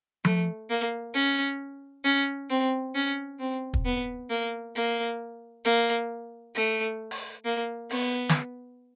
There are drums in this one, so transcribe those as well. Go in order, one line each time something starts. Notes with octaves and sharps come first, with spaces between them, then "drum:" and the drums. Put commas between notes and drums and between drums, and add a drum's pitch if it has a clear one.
A3, drum: tom F3
A#3
C#4
C#4
C4
C#4
C4
drum: kick
B3
A#3
A#3
A#3
A3
drum: open hi-hat
A#3
B3, drum: open hi-hat
drum: snare